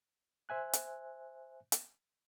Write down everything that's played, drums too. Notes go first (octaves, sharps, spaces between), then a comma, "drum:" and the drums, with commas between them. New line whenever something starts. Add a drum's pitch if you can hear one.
C5 E5 G#5 F#6
drum: hi-hat
drum: hi-hat